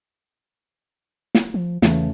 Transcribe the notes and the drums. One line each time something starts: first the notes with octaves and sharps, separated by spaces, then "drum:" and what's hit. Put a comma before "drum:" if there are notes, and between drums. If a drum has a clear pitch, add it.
drum: snare
F3
E2 C#3 E3 A3, drum: snare